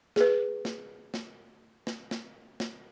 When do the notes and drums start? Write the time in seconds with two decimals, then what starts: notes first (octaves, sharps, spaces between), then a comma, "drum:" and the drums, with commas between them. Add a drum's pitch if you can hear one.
0.16 G#4 B4, drum: snare
0.65 drum: snare
1.14 drum: snare
1.87 drum: snare
2.11 drum: snare
2.60 drum: snare